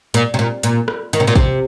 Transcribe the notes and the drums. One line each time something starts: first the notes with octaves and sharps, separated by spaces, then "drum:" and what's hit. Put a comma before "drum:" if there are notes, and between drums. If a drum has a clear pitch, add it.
A#2, drum: hi-hat
C3
A#2
A#2, drum: hi-hat
drum: rim click
D#3, drum: hi-hat
C3
A#2
C3, drum: kick